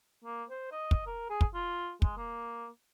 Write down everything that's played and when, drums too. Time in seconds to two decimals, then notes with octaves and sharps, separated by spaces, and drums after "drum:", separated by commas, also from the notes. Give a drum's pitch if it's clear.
0.24 A#3
0.50 C5
0.71 D#5
0.91 drum: kick
1.06 A#4
1.30 G#4
1.41 drum: kick
1.54 F4
2.02 G#3, drum: kick
2.17 A#3